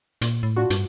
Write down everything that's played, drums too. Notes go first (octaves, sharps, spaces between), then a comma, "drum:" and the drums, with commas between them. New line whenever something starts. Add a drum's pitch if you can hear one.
A#2, drum: hi-hat
A2
D4 F4 F#4
G2, drum: hi-hat